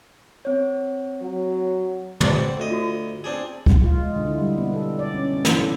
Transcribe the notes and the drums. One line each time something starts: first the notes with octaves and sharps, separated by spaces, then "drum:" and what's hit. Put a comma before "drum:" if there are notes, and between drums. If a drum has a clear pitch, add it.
C4 C#5
F#3
E2 B2 G#4 C5 D5, drum: tom
C4
D2 D#5
F4 F#4
C4 D4 G#4
drum: kick C#2
F4
G#3
D3
E4
G3
B3
A4
D5
C#4
B3
E3, drum: snare
A4